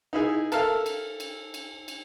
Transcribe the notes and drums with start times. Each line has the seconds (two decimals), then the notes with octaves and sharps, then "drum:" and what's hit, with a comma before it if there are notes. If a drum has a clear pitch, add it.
0.13 D#4 E4 G#4
0.52 A4 A#4 E5 F5, drum: cymbal
0.86 drum: cymbal
1.20 drum: cymbal
1.54 drum: cymbal
1.88 drum: cymbal